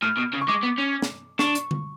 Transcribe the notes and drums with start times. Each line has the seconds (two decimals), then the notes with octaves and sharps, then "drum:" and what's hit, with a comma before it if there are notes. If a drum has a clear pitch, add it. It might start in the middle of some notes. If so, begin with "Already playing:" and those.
0.02 A2 F6
0.17 B2
0.33 C#3
0.41 C#6
0.48 G#3 D6
0.63 B3
0.78 C#4
1.02 drum: snare
1.39 D4 C#6, drum: snare
1.55 drum: hi-hat
1.71 drum: tom D3